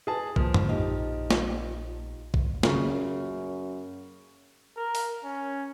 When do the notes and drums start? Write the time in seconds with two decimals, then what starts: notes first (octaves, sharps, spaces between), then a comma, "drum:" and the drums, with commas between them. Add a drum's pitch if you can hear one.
0.07 G#4 B4 A5
0.36 F3 A#3, drum: kick
0.54 drum: tom F#2
0.69 A#1 D#4 F4 G4
1.31 drum: snare
2.34 drum: kick
2.63 F#2 C#3 A#3, drum: snare
4.77 A#4
4.95 drum: open hi-hat
5.24 C#4